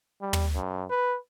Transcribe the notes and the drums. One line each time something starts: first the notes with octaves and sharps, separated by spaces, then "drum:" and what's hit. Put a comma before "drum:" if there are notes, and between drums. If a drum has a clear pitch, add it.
G3
drum: tom
F#2
B4